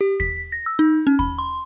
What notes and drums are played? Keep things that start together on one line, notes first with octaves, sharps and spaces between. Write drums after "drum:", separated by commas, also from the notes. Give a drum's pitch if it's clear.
G4
B6, drum: kick
A#6
E6
D#4
C#4
B5, drum: kick
C6